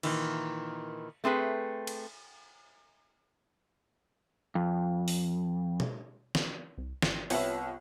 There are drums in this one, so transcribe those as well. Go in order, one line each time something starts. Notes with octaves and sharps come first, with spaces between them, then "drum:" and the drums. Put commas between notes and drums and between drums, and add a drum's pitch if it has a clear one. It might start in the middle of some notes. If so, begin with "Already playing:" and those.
A#2 D#3 E3, drum: cymbal
A3 C4 G#4 B4
drum: cymbal
F2
drum: open hi-hat
drum: tom B2
drum: snare
C2
G#1, drum: snare
C2 B3 F4 C#5 E5 G5, drum: open hi-hat